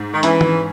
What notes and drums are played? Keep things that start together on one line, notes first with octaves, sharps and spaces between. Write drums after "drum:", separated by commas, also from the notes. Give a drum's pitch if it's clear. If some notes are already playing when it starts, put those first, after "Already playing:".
Already playing: G#2
D#3
E3 C#4, drum: hi-hat
drum: tom